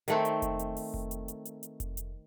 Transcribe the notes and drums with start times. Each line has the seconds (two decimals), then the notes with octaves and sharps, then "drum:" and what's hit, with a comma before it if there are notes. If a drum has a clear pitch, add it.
0.08 D#3 A3 C4, drum: hi-hat
0.25 drum: hi-hat
0.42 drum: kick F1, hi-hat
0.59 drum: hi-hat
0.77 drum: open hi-hat
0.94 drum: kick F1
1.11 drum: hi-hat
1.28 drum: hi-hat
1.45 drum: hi-hat
1.63 drum: hi-hat
1.80 drum: kick F1, hi-hat
1.97 drum: hi-hat